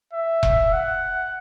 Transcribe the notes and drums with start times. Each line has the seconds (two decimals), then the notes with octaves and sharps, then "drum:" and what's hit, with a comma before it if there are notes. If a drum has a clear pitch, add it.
0.13 E5
0.43 drum: kick E1
0.73 F#5